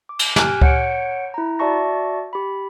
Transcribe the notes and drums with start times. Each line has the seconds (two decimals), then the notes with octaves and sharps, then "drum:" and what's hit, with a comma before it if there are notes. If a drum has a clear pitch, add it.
0.09 D6
0.19 drum: cymbal
0.36 G4 G#5 F6 F#6, drum: snare
0.62 C#5 F#5 G6 C#7 D7, drum: kick C#2
1.34 E4 A#5
1.59 F#4 D5 E5 A5 C#6 A#6
2.33 G4 B5